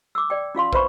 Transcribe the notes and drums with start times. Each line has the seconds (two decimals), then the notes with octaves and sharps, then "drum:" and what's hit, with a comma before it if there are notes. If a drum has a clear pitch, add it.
0.15 D6 E6
0.30 D5 G5
0.55 C#4 F4 F5 C6
0.73 B4 C5 E5 B5 C#6, drum: kick